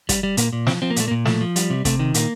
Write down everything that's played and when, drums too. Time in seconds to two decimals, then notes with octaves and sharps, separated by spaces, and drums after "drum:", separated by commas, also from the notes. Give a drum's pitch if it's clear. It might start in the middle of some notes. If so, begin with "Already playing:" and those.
0.09 G3, drum: kick, hi-hat
0.23 G3
0.37 A#2 A#3, drum: hi-hat
0.53 A#2
0.67 F3 C4, drum: snare
0.82 F3 C4
0.90 A#3
0.96 A#2 A3, drum: hi-hat
1.08 A#3
1.11 A#2
1.25 F3 A3, drum: snare
1.41 F3
1.56 G3, drum: hi-hat
1.70 C3
1.85 C3 A3, drum: kick, hi-hat
1.99 D#3
2.14 A#2 A#3, drum: hi-hat